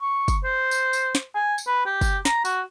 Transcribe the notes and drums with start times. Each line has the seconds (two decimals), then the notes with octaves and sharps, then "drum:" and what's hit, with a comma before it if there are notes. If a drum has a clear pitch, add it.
0.01 C#6
0.28 drum: kick, tambourine
0.44 C5
0.71 drum: tambourine
0.93 drum: tambourine
1.15 drum: snare
1.35 G#5
1.58 drum: tambourine
1.67 B4
1.86 G4
2.01 drum: kick, tambourine
2.25 A#5, drum: snare
2.45 F#4, drum: tambourine